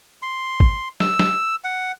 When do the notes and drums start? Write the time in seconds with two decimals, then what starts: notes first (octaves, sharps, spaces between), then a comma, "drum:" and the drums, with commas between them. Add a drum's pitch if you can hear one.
0.22 C6
0.60 drum: kick G#1
1.00 E6, drum: snare
1.19 drum: snare
1.64 F#5